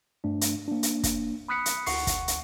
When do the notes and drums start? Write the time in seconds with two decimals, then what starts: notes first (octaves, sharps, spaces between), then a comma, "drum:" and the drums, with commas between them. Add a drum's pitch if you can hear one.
0.24 G2 A3 D4
0.41 drum: hi-hat
0.68 A#3 D4
0.83 drum: hi-hat
1.03 drum: kick, hi-hat
1.48 B5 D#6 F#6 B6 C#7
1.66 drum: hi-hat
1.86 D2 F#5 C#6 C7 C#7, drum: open hi-hat
2.07 drum: kick, hi-hat
2.28 drum: hi-hat